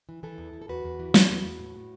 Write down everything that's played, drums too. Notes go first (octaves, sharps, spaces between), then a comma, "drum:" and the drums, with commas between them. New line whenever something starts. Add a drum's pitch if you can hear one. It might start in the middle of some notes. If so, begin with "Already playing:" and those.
E3
E3 E4 A4
E2
E2
A4
E2 F#4 B4
E2
E3
E3, drum: snare
E2
E2
A2
A2